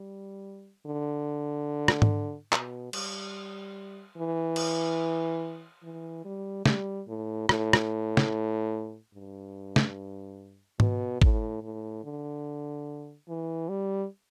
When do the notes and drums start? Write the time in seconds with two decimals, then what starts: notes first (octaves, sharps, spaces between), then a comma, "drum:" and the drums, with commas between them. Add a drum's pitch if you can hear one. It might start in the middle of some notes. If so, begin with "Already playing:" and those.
Already playing: G3
0.86 D3
1.88 drum: rim click
2.02 drum: tom G#2
2.52 B2, drum: clap
2.93 G3, drum: cymbal
4.17 E3
4.56 drum: cymbal
5.83 E3
6.25 G3
6.66 G3, drum: snare
7.08 A2
7.49 A2, drum: rim click
7.73 drum: rim click
8.17 drum: snare
9.15 G2
9.76 drum: snare
10.80 B2, drum: tom G#2
11.22 A2, drum: kick
11.63 A2
12.04 D3
13.29 E3
13.69 G3